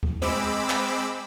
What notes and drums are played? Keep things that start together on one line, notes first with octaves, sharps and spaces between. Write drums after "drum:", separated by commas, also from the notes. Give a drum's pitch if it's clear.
drum: kick D2
G#3 C4 B5 D6 E6, drum: snare
drum: clap